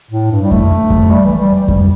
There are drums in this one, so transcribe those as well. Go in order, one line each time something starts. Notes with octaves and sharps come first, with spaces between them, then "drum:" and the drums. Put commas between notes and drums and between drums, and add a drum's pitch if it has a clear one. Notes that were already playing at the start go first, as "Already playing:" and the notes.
A2
G2
G3
A3, drum: kick F2
drum: kick F2
G3
E3
G3
G3
G3, drum: kick F2